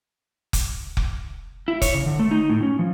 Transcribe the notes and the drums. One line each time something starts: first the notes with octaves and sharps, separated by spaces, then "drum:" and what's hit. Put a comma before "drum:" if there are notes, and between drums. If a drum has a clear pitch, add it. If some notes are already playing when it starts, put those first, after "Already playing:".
drum: kick F1, hi-hat
drum: kick F1
E4
C#5, drum: kick F1, hi-hat
C#3
D3
A3
D#4
A2
C#4
F3